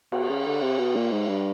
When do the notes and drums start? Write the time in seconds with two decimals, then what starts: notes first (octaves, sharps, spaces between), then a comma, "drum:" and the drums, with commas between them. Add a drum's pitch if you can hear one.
0.12 B2, drum: cymbal
0.29 C#3
0.46 D3
0.62 C3
0.78 B2
0.96 A#2
1.11 G#2
1.28 G2